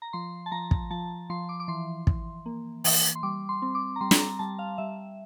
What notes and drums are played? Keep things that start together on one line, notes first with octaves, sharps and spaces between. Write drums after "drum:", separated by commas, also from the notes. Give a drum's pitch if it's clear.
A#5
F3 C6
A5
F3 A#5
drum: kick
F3 A5
F3 C6
D6
D6
E3 C6
E3, drum: kick
A#3
E3, drum: open hi-hat
C6
G3 D6
C6
C4
D6
A#5
G3 C6
drum: snare
A#5
G3 A5
F5
G3 E5